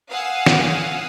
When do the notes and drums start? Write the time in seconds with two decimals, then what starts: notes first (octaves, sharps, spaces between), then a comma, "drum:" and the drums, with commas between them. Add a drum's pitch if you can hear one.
0.10 F5 F#5 G#5 D#6 E6
0.46 drum: snare